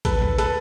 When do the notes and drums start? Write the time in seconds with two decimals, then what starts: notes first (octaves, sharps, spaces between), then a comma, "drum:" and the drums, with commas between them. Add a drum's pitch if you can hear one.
0.05 A4 B4, drum: kick, hi-hat
0.22 drum: kick
0.38 A4 B4, drum: hi-hat